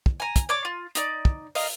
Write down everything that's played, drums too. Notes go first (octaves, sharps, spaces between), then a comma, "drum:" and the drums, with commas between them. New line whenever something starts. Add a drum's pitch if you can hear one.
drum: kick
G#5 A#5
drum: kick, hi-hat
C#5 D5 D6
F4
D#4 D5, drum: hi-hat
drum: kick
D5 D#5 F5 A#5, drum: open hi-hat